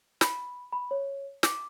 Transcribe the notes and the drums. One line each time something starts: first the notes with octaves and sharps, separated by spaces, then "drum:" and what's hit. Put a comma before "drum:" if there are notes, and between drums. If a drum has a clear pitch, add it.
B5, drum: snare
B5
C#5
D6, drum: snare